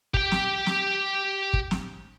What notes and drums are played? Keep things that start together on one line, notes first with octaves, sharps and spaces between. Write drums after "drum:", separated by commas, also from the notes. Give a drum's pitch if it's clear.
G4 G5, drum: kick
drum: snare
drum: snare
drum: kick
drum: snare